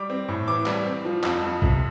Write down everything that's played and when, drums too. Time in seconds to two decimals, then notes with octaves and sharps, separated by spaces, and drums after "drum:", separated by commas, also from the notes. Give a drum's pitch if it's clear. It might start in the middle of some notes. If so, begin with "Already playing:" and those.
Already playing: G3 D6
0.10 C4
0.28 A2
0.47 E3 D6
0.66 G3, drum: clap
0.87 C4
1.05 F3
1.24 F2, drum: clap
1.43 F2
1.62 C3, drum: kick